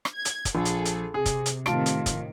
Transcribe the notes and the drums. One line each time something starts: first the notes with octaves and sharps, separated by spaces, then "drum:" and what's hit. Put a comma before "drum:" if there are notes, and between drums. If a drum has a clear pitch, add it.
drum: rim click
G#6
drum: hi-hat
drum: kick, hi-hat
A#1 G#4 A4
drum: hi-hat
drum: hi-hat
C3 G#4
drum: kick, hi-hat
drum: hi-hat
A2 C3 D#3 F4 A5 D7, drum: rim click
drum: hi-hat
drum: kick, hi-hat